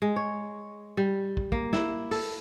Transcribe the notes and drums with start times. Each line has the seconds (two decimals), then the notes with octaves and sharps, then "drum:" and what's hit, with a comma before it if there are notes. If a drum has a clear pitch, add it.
0.02 G#3
0.16 C#5
0.97 G3
1.37 drum: kick
1.52 A#3, drum: kick
1.73 E4, drum: snare
2.11 A4, drum: open hi-hat